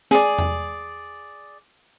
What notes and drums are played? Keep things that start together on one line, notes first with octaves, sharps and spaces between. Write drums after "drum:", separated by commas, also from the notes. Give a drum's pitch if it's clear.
G#4 D5, drum: snare
drum: tom E2